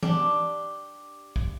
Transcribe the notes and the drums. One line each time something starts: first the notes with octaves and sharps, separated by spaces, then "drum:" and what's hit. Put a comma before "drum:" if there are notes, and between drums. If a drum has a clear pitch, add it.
D4 G4, drum: tom E3
drum: kick